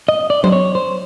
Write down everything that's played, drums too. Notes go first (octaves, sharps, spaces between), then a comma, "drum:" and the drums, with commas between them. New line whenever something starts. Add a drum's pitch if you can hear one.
D#5
D5
C5, drum: tom F#3
C#5
C5